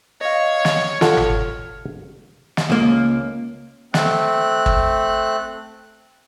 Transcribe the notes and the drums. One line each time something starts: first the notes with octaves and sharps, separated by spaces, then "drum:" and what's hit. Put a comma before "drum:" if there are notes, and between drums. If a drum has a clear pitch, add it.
C#5 D#5 F5
drum: snare
F4 A4 F#5 F6, drum: snare
drum: tom G1
drum: snare
C#2 A#3
A3 C4 F#6, drum: snare
drum: kick